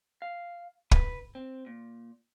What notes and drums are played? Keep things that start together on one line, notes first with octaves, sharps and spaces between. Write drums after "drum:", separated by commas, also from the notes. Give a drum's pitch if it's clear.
F5
B4, drum: kick
C4
A#2